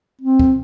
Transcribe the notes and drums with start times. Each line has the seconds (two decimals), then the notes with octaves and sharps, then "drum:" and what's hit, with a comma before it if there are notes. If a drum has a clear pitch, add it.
0.21 C4
0.39 drum: kick